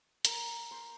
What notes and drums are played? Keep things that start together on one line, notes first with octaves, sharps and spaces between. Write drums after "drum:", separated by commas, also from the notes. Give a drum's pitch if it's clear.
A#4, drum: hi-hat
C5